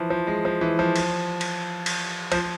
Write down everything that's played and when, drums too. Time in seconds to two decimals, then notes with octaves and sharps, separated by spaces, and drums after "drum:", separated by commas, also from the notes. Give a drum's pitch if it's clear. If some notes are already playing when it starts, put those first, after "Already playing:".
Already playing: E3 F3
0.10 F3
0.27 G#3
0.45 F3
0.61 E3
0.79 F3
0.96 drum: cymbal
1.41 drum: cymbal
1.86 drum: cymbal
2.32 F3, drum: cymbal